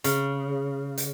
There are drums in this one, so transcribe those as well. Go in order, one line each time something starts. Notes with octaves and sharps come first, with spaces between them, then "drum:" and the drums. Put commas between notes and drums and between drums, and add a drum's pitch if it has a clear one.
C#3, drum: hi-hat
drum: hi-hat